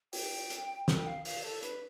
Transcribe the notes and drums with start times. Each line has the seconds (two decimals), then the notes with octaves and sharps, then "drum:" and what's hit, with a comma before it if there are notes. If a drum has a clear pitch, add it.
0.13 G5, drum: open hi-hat
0.50 drum: hi-hat
0.88 G5, drum: snare
1.07 F5
1.25 F5, drum: open hi-hat
1.43 A4
1.63 B4, drum: hi-hat